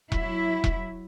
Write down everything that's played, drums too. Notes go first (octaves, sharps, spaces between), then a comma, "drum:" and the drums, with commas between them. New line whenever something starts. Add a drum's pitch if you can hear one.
F#3 E4, drum: kick E1
drum: kick E1